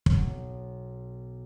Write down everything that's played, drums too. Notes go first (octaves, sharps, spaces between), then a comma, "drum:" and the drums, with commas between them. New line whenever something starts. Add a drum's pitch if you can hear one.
B1, drum: kick